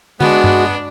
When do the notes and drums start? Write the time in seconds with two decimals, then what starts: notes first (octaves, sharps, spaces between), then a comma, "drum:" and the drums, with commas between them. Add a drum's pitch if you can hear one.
0.21 G#3 B3 D4 F#4, drum: tom D3
0.44 drum: tom G2